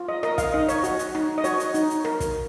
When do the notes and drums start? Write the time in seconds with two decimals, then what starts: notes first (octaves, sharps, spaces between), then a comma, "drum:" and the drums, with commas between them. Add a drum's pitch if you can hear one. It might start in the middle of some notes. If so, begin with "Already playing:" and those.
Already playing: F4
0.09 D#5
0.23 A#4 D#5, drum: rim click
0.38 F5, drum: kick, hi-hat
0.54 D#4 D#5
0.68 C#5, drum: hi-hat
0.84 F#4, drum: hi-hat
0.99 drum: hi-hat
1.15 D#4, drum: rim click
1.38 D#5
1.44 F#4 C#5, drum: hi-hat
1.60 drum: hi-hat
1.74 D#4, drum: hi-hat
1.90 drum: hi-hat
2.05 A#4, drum: rim click
2.20 drum: kick, hi-hat